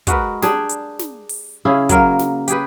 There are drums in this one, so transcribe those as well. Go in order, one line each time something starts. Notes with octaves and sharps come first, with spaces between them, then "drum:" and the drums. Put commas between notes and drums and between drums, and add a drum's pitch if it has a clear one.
G#3 F#4 A#4 B4, drum: kick, hi-hat
D4 G4 G#4, drum: snare
drum: hi-hat
drum: snare
drum: open hi-hat
C#3 C#4 E4 G#4
F#3 A#3 A#4, drum: kick, hi-hat
drum: snare
G4 G#4 B4, drum: hi-hat